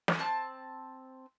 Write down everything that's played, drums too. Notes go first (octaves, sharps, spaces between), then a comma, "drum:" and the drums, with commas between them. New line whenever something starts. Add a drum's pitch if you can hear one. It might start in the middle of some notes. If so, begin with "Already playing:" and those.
drum: snare
C4 A5